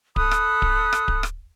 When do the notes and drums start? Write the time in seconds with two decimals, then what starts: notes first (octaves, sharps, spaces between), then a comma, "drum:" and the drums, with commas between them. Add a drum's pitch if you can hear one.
0.16 A4 B5 D#6 F#6, drum: kick D1
0.31 drum: rim click
0.62 drum: kick D1
0.93 drum: rim click
1.08 drum: kick D1
1.23 drum: rim click